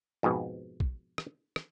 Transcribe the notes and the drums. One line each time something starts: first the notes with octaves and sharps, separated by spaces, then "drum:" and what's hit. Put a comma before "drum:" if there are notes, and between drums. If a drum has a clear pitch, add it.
F2 G#2 B2
drum: kick
drum: rim click
drum: rim click